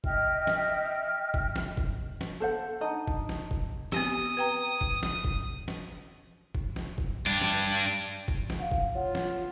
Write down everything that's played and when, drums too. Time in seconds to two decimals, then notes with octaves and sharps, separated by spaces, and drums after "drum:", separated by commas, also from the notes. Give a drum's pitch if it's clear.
0.04 D#5 E5 G5 F6, drum: kick
0.47 drum: snare
1.34 drum: kick
1.56 drum: snare
1.77 drum: kick
2.21 drum: snare
2.40 A4 C5 F#5
2.81 D4 D#4 D#5
3.07 drum: kick
3.29 drum: snare
3.51 drum: kick
3.92 B3 C4 G4 D#6, drum: snare
4.37 B4 G5 A#5
4.81 drum: kick
5.03 drum: snare
5.24 drum: kick
5.68 drum: snare
6.55 drum: kick
6.76 drum: snare
6.98 drum: kick
7.26 G2 D4
7.41 drum: snare
8.28 drum: kick
8.50 drum: snare
8.59 F5 F#5
8.71 drum: kick
8.95 F4 C#5 F#5
9.15 drum: snare